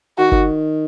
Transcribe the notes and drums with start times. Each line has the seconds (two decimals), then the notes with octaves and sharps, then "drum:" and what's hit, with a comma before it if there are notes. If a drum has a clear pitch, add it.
0.18 D#3 F#4
0.32 D#3, drum: kick F#1